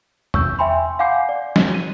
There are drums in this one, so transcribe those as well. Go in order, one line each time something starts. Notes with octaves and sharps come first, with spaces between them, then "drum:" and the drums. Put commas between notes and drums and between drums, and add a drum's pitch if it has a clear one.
C#6 E6 G6, drum: tom E2
E5 G5 G#5 B5 C6
F5 F#5 G#5 D6 G6 C7
D5
drum: snare
D#7